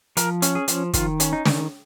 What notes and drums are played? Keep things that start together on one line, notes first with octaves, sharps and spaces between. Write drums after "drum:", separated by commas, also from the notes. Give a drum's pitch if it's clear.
F3 A#4, drum: hi-hat
C#4, drum: hi-hat
G#4
F3, drum: hi-hat
D#3 F4, drum: kick, hi-hat
C#4, drum: hi-hat
D#4
D#3, drum: snare